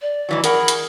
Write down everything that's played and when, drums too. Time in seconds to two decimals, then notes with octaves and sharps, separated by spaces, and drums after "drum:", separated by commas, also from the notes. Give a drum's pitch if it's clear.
0.02 D5
0.29 G#2 E3 F#3
0.44 G#4 A#4 F#5 B5, drum: hi-hat
0.68 drum: hi-hat